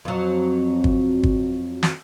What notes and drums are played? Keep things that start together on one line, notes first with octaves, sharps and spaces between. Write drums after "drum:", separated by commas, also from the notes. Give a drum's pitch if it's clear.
F2 F#3
drum: kick
drum: kick
drum: snare